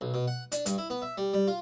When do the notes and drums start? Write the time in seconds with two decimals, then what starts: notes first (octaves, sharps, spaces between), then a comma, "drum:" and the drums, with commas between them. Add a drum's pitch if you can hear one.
0.01 B1
0.14 B2
0.28 F#5
0.52 D4, drum: hi-hat
0.66 G2, drum: hi-hat
0.78 E4
0.90 B3
1.02 E5
1.18 G3
1.34 G3
1.48 F4